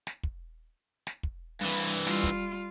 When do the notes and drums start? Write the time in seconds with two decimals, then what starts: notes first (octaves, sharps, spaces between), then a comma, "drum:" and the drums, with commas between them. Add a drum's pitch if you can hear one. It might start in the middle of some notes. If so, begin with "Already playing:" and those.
0.07 drum: snare
0.23 drum: kick
1.07 drum: snare
1.23 drum: kick
1.61 G2 E3
2.07 G3 F4, drum: snare
2.23 drum: kick